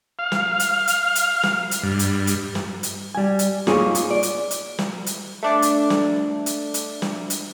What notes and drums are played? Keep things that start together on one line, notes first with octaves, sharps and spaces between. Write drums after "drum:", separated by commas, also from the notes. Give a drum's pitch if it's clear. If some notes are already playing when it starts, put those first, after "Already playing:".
F5
drum: snare
drum: hi-hat
drum: hi-hat
drum: hi-hat
drum: snare
drum: hi-hat
G2
drum: hi-hat
drum: hi-hat
drum: snare
drum: hi-hat
G3 G#5
drum: hi-hat
A#3 D#4 F4 G#4 C#5, drum: snare
drum: hi-hat
D5
drum: hi-hat
drum: hi-hat
drum: snare
drum: hi-hat
A3 D4 D5
drum: hi-hat
drum: snare
drum: hi-hat
drum: hi-hat
drum: snare
drum: hi-hat